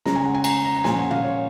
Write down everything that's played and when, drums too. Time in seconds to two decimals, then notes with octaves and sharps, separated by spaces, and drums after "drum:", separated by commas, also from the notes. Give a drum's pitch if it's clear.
0.06 C#3 G#3 C#4 A#5, drum: snare
0.16 G#5
0.25 F#5
0.35 G#5
0.44 A#5, drum: cymbal
0.64 A#5
0.75 A#5
0.84 A#2 F3 G#3 C#4 G#5, drum: snare
0.97 F#5
1.11 F5, drum: tom
1.24 C#5